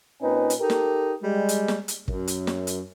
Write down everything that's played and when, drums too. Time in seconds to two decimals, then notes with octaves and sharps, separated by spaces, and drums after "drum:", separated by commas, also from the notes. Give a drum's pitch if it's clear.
0.20 A#2 C4 C#4 D#4 B4 G#5
0.50 drum: hi-hat
0.60 D#4 G4 A4 A#4
0.70 drum: snare
1.23 G3 G#3
1.49 drum: hi-hat
1.68 drum: snare
1.88 drum: hi-hat
2.08 F#2, drum: kick
2.27 drum: hi-hat
2.47 drum: snare
2.67 drum: hi-hat